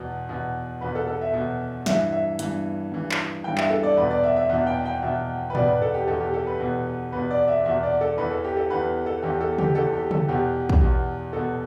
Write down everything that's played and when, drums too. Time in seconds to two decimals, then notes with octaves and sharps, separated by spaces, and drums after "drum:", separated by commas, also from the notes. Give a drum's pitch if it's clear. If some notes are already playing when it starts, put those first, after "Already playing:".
Already playing: E2 B2
0.29 E2 B2
0.81 E2 B2 B4
0.95 A4
1.07 A4
1.21 E5
1.33 E2 B2
1.86 G2 E3 E5, drum: snare
2.12 E5
2.39 G2 E3, drum: hi-hat
2.92 G2 E3
3.11 drum: clap
3.44 G2 E3 G5
3.58 E5, drum: clap
3.70 A4
3.83 D5
3.97 E2 B2 B4
4.10 D5
4.23 E5
4.36 E5
4.49 E2 B2 E5
4.67 G5
4.85 G5
5.02 E2 B2 E5
5.50 B4
5.55 E2 B2 D5, drum: tom
5.68 B4
5.82 A4
5.94 G4
6.08 E2 B2 A4
6.20 G4
6.33 A4
6.47 B4
6.60 E2 B2
7.12 E2 B2 B4
7.31 D5
7.48 E5
7.65 E2 B2 E5
7.83 D5
8.01 A4
8.18 E2 E3 B4
8.31 A4
8.44 G4
8.57 A4
8.70 E2 E3 B4
9.06 A4
9.22 E2 E3 G4
9.41 A4
9.58 G4, drum: tom
9.75 E2 E3 A4
9.94 G4
10.11 A4, drum: tom
10.28 E2 B2 G4
10.69 drum: kick
10.81 E2 B2
11.33 E2 B2 A4